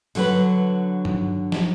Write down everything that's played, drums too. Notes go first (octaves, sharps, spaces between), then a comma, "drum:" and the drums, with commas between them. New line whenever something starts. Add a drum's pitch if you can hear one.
D3 F#3 B4, drum: open hi-hat
drum: tom G2
drum: snare